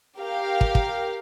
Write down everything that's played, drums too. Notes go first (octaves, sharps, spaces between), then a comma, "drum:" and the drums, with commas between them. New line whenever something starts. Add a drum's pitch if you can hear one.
G4 A#4 F5
drum: kick
drum: kick